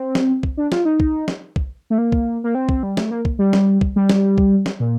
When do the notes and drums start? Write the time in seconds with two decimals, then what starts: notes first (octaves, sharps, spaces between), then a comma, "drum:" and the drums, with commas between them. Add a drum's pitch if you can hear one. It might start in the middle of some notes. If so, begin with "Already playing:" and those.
Already playing: C4
0.15 drum: snare
0.43 drum: kick C2
0.57 D4
0.72 F4, drum: snare
0.85 D#4
1.00 drum: kick C2
1.28 drum: snare
1.56 drum: kick C2
1.90 A3
1.98 A#3
2.12 drum: kick C2
2.44 A#3
2.55 C4
2.69 drum: kick C2
2.83 G3
2.97 A3, drum: snare
3.11 A#3
3.25 drum: kick C2
3.39 G3
3.53 drum: snare
3.81 drum: kick C2
3.96 G3
4.09 drum: snare
4.38 drum: kick C2
4.66 drum: snare
4.80 A#2